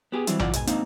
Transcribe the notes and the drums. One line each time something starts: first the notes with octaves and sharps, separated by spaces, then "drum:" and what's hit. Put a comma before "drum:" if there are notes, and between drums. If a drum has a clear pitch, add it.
B3 G4 G#4
E3 F#3 G3 C4 E4, drum: hi-hat
B1 E3 F4 D5 F#5, drum: tom A#1
G#2 B2 G#5, drum: hi-hat
G#2 A#3 C4 D4 D#4 F5, drum: hi-hat